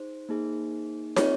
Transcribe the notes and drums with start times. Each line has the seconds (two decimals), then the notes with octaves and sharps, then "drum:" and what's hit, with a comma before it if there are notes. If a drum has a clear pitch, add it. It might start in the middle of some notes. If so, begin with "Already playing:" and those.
Already playing: D#4 G#4 C5
0.29 A#3 D#4 G#4
1.16 C4 F4 G#4 C#5, drum: snare